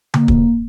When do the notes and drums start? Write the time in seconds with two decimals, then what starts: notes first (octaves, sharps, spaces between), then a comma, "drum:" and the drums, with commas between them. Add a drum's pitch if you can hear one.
0.14 A#3, drum: tom C#3
0.28 drum: kick